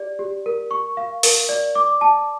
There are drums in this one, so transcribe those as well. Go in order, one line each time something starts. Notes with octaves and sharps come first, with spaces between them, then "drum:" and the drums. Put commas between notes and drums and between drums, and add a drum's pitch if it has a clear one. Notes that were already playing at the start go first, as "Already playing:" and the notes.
Already playing: G4 D5
G4
A#4
C#6
F5
A#4, drum: open hi-hat
D5
D6
A5